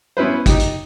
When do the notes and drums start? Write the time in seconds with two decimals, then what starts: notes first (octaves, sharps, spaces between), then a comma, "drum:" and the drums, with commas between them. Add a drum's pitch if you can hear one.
0.17 B3 C#4 E4 B4 C5
0.46 D#4 G4, drum: kick, hi-hat
0.60 drum: hi-hat